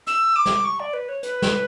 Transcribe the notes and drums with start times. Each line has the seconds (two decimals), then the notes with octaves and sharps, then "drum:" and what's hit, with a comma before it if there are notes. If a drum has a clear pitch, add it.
0.07 E6, drum: hi-hat
0.36 D6
0.46 drum: snare
0.65 C#6
0.80 D5
0.94 B4
1.09 C#5
1.23 B4, drum: hi-hat
1.42 drum: snare